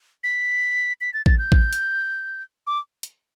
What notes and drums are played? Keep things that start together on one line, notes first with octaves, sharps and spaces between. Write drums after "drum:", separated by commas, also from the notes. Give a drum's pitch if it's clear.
B6
B6
A6
A6, drum: kick A1
G6
drum: kick A1
drum: hi-hat
D6
drum: hi-hat